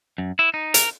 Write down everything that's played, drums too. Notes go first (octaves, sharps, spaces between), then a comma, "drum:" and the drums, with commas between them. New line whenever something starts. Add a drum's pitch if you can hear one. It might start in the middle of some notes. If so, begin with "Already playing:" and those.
F#2
E4
D#4
A#4, drum: hi-hat